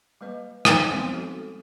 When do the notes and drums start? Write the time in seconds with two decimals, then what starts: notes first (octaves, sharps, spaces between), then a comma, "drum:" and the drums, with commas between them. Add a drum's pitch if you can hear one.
0.21 G3 A#3 B4 D#5
0.65 A3 D#4, drum: rim click
0.89 F3 G3 G#3 B3 C4 G#5
1.14 F#4 A4